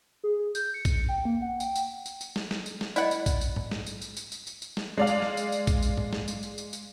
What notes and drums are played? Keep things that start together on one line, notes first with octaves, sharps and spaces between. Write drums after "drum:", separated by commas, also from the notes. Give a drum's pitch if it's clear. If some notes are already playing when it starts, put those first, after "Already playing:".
G#4
G6, drum: tambourine
C#7
drum: kick, tambourine
G5
A#3
F#5
G5, drum: tambourine
drum: tambourine
drum: tambourine
drum: tambourine
drum: snare
drum: snare
drum: tambourine
drum: snare
E4 D5 D#5 F#5, drum: tambourine
drum: tambourine
drum: kick, tambourine
drum: tambourine
drum: tom G#2
drum: snare
drum: tambourine
drum: tambourine
drum: tambourine
drum: tambourine
drum: tambourine
drum: tambourine
drum: snare
G#3 D5 F5
drum: tambourine
drum: snare
drum: tambourine
drum: tambourine
drum: kick, tambourine
drum: tambourine
drum: tom G#2
drum: snare
drum: tambourine
drum: tambourine
drum: tambourine
drum: tambourine